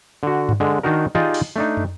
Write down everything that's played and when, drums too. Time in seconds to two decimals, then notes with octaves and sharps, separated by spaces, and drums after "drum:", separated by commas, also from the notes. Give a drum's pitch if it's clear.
0.23 D3 F#4
0.49 drum: tom G2
0.60 D3 G#3
0.83 D#3 D4 D#4 F#4 A#4
1.15 D#4 F4 G4 G#4 D5 D#5, drum: tom D#3
1.34 drum: open hi-hat
1.56 A3 D4 D#4
1.77 drum: tom